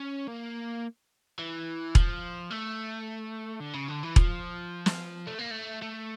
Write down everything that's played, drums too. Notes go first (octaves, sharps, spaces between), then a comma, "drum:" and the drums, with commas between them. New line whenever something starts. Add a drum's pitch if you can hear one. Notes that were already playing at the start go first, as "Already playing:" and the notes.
Already playing: C#4
A#3
E3
F3, drum: kick E1
A3
D3
C#3
D3
E3
F3, drum: kick E1
drum: snare
A3
A#3
A3
A3